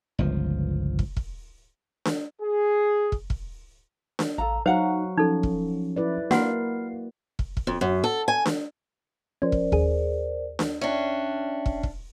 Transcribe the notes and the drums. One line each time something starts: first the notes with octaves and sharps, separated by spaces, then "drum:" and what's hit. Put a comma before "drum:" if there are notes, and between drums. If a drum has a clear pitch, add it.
G1 C#2 F3
drum: kick
drum: kick
drum: snare D4
G#4
drum: kick
drum: kick
drum: snare D4
A1 A4 F5 A#5
F#3 D#4 F#4 C5 F5 F#5 A#5
F3 C#4 D#4 A4
drum: kick
E4 B4 D5
A#3 F#4 A#4 F#5 B5 C7, drum: snare D4
drum: kick
drum: kick
F2
F#2
A4
G#5
drum: snare D4
F3 C#4 A#4 C5 D5
drum: kick
D#2 G#4, drum: kick
drum: snare D4
C#4 D4 E5 G5
drum: kick
drum: kick